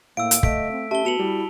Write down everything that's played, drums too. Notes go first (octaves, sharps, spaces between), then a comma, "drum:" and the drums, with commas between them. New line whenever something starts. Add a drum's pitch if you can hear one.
A2 A#3 F5 E6 D7
drum: hi-hat
A3 D#5 B6 D7, drum: kick
C4
C#4 G4 E5 A5 G7
B3 F#4 A5 C#7 F7 F#7
G3 E4